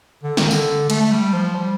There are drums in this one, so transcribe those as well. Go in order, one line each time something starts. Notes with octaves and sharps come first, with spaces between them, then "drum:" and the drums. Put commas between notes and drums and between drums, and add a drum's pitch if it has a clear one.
D3
D#3, drum: snare
D3, drum: tambourine
A3, drum: cymbal
G3
F3
G3